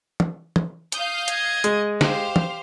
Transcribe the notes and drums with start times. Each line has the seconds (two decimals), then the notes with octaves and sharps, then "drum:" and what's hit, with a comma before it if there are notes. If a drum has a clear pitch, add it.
0.20 drum: tom
0.56 drum: tom
0.92 F5 D#6 G6, drum: hi-hat
1.28 D#5 G#6, drum: hi-hat
1.64 G#3, drum: hi-hat
2.01 G4 C5 F5, drum: snare
2.36 drum: tom